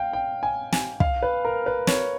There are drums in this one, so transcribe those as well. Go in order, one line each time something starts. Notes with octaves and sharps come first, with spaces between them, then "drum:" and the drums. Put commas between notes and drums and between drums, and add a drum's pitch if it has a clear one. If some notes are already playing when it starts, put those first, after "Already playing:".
Already playing: F5 G5
G5
G#5
G#5, drum: snare
F5, drum: kick
B4
A#4
B4
C#5, drum: snare